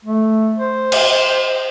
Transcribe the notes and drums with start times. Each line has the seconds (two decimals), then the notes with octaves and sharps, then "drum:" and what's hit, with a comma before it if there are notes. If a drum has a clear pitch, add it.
0.05 A3
0.59 C5
0.92 drum: cymbal